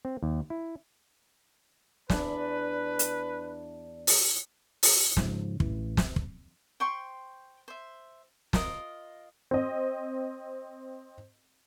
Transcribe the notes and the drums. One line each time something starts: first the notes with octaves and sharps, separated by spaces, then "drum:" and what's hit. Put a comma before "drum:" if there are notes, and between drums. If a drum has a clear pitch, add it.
C4
D#2
E4
E2 D4 B4, drum: snare
drum: hi-hat
drum: open hi-hat
drum: open hi-hat
G#2 C#3 F3, drum: snare
A1 E3, drum: kick
drum: snare
drum: kick
C5 G5 C6 C#6
C5 E5
F4 A#4 D#5, drum: snare
C4 D#5